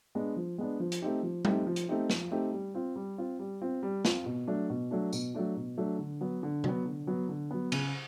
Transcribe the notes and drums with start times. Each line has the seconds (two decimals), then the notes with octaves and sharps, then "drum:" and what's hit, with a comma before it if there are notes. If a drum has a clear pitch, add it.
0.15 G#3 B3 D4
0.36 F3
0.58 G#3 B3 D4
0.80 F3
0.92 drum: hi-hat
1.02 A3 C4 D#4 G4
1.23 F3
1.45 A3 C4 D#4 G4, drum: tom G3
1.67 F3
1.76 drum: hi-hat
1.88 A3 C4 D#4 G4
2.10 F3, drum: snare
2.31 A3 C4 D#4 G4
2.52 G3
2.75 C4 F4
2.96 G3
3.18 C4 F4
3.39 G3
3.62 C4 F4
3.83 G3
4.05 C4 F4, drum: snare
4.26 B2
4.48 F#3 A3 D4
4.70 B2
4.91 F#3 A3 D4
5.13 B2, drum: tambourine
5.35 F#3 A3 D4
5.57 B2
5.78 F#3 A3 D4
5.99 D3
6.21 F#3 B3
6.43 D3
6.64 F#3 B3, drum: tom C3
6.86 D3
7.07 F#3 B3
7.29 D3
7.51 F#3 B3
7.72 C#3, drum: cymbal